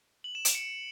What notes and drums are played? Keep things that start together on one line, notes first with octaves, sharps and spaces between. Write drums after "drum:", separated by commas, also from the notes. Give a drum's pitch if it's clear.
F#7
E7
D7, drum: hi-hat
C#7